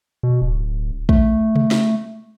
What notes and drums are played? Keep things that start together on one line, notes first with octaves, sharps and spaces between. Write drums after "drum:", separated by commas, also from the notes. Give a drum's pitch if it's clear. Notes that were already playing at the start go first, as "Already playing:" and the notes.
B2
D1
A3, drum: kick
drum: tom C3
drum: snare